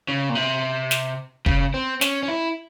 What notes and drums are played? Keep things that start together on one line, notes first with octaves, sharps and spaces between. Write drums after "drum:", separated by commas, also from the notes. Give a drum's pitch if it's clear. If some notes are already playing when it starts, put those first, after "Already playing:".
C#3
A#2
C3
drum: snare
C#3, drum: kick
C4
C#4, drum: snare
C#4
E4